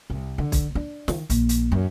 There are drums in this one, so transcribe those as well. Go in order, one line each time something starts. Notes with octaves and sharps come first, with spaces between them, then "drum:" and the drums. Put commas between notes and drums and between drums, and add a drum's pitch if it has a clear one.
C2
D3
drum: kick, hi-hat
D4
D#3, drum: snare
A#1, drum: hi-hat
drum: hi-hat
F#2